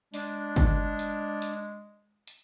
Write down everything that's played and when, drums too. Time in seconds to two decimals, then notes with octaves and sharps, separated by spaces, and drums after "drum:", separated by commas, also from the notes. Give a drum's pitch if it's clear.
0.14 G#3 D4, drum: open hi-hat
0.56 drum: kick, hi-hat
0.99 drum: hi-hat
1.42 drum: hi-hat
2.27 drum: hi-hat